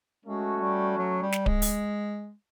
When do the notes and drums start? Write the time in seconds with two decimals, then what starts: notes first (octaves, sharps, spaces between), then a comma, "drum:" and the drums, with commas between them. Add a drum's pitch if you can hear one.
0.25 G#3 A3 C#4 F#4
0.56 G#3
0.61 G3
0.98 F#3
1.22 G3
1.32 drum: snare
1.46 G#3, drum: kick D1
1.62 drum: open hi-hat